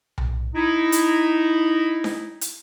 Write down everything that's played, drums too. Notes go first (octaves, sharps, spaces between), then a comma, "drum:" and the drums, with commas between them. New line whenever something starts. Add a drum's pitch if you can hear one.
drum: tom B1
D#4 E4
drum: hi-hat
drum: snare D4
drum: hi-hat